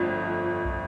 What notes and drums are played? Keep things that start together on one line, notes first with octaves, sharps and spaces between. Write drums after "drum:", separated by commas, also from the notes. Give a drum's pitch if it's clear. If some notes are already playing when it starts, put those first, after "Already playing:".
Already playing: G1 F2 A3 D4
drum: kick